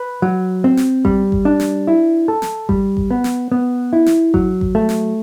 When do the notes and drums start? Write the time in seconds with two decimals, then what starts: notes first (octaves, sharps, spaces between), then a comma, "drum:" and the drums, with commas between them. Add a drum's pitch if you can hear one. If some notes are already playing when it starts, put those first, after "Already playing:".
Already playing: B4
0.22 F#3
0.64 C4
0.77 drum: snare
1.05 G3, drum: kick G#1
1.32 drum: kick G#1
1.45 D4
1.60 drum: snare
1.87 E4
2.28 A4
2.42 drum: snare
2.69 G3, drum: kick G#1
2.97 drum: kick G#1
3.11 B3
3.24 drum: snare
3.52 B3
3.93 E4
4.06 drum: snare
4.34 F#3, drum: kick G#1
4.61 drum: kick G#1
4.75 A3
4.89 drum: snare